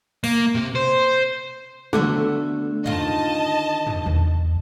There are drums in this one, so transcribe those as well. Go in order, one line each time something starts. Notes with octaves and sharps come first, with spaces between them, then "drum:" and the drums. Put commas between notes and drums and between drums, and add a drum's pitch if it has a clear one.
A#3, drum: open hi-hat
C3
C5
D3 A3 B3 F#4, drum: tom
D#3 F4 D#5 A5, drum: tom
drum: tom
E2, drum: tom